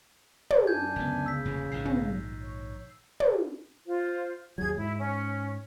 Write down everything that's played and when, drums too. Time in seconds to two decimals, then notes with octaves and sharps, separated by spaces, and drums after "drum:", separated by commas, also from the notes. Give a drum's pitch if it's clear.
0.50 drum: tom
0.67 F#2 D4 G#5 G6 G#6
0.96 C#2 D3 B3
1.26 C#3 E6 B6
1.45 E1 A2 A#3
1.72 A#1 G#2 D#3 C7
1.85 drum: tom
2.42 C#5
3.20 drum: tom
3.86 F4 C5
4.58 D#2 F#3 G#4 G#6
4.77 G#2 E4
4.98 C#4